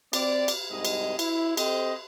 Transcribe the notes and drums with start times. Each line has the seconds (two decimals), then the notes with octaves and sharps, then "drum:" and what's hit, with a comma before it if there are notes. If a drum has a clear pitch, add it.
0.13 C4 D5, drum: cymbal
0.48 drum: cymbal
0.71 C2 G#2 C3 D#5
0.85 drum: cymbal
1.19 E4, drum: cymbal
1.57 C4 G4 A4 C5 D#5, drum: cymbal